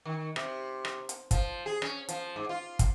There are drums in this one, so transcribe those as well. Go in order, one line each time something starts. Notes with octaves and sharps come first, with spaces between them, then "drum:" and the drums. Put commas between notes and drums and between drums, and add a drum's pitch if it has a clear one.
D#3
C3, drum: rim click
drum: rim click
drum: hi-hat
F3, drum: kick, hi-hat
G#4
C#4, drum: rim click
F3, drum: hi-hat
G#2
F4
drum: kick, hi-hat